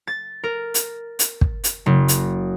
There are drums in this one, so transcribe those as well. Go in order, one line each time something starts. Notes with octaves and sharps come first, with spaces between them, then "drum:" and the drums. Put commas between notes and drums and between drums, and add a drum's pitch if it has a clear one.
A6
A#4
drum: hi-hat
drum: hi-hat
drum: kick
drum: hi-hat
F#1
drum: hi-hat